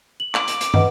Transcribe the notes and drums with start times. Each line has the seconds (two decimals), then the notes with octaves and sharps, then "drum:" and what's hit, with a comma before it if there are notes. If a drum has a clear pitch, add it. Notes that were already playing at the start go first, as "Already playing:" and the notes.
0.20 F#7
0.34 D6, drum: clap
0.48 drum: hi-hat
0.61 drum: hi-hat
0.74 B4 D#5 F#5, drum: tom